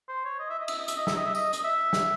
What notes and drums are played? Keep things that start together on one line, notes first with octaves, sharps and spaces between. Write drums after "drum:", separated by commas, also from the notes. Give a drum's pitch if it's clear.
C5
C#5
D#5
E5
D#5
E5, drum: cymbal
D#5
E5, drum: hi-hat
D#5
E5, drum: snare
D#5
E5
D#5, drum: tambourine
D#5, drum: hi-hat
E5
drum: snare